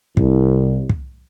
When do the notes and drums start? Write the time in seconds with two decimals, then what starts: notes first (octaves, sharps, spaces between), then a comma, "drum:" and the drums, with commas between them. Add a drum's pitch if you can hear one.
0.17 C2, drum: kick
0.89 drum: kick